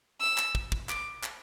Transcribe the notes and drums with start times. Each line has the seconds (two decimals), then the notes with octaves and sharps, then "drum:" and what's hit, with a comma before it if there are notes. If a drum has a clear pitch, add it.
0.21 E6
0.38 drum: clap
0.55 drum: kick
0.72 drum: kick
0.89 D6, drum: clap
1.23 drum: clap